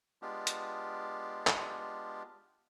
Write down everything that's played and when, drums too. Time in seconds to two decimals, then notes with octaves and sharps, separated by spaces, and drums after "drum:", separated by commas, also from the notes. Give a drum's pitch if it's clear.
0.22 G#3 B3 D4 F4 G4
0.47 drum: hi-hat
1.47 drum: clap